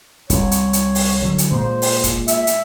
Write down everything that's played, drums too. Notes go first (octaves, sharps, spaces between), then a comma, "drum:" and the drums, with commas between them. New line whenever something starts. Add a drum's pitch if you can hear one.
C2 C#5, drum: kick, hi-hat
drum: hi-hat
drum: hi-hat
drum: open hi-hat
D3 F#3
drum: hi-hat
A#2 G#3 C5
drum: open hi-hat
drum: kick, hi-hat
E5, drum: hi-hat
drum: hi-hat